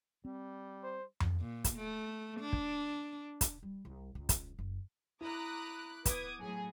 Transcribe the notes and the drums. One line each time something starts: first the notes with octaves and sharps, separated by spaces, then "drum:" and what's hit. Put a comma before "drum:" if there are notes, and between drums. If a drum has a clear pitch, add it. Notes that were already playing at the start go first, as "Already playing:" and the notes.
G3 C4
C5
drum: tom F2
A#2
drum: kick, hi-hat
A3
D4
drum: kick
drum: kick, hi-hat
G3
C2
C#2
drum: kick, hi-hat
F#1
E4 A#5 B5 D6 D#6 F#6
B3 B4 D6 D#6 G#6, drum: kick, hi-hat
A2 F#3 G#4 G#5